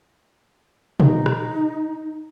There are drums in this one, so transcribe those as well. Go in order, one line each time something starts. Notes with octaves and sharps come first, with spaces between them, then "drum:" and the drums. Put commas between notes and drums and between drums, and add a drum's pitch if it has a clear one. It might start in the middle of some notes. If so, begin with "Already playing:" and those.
D#4, drum: tom
drum: rim click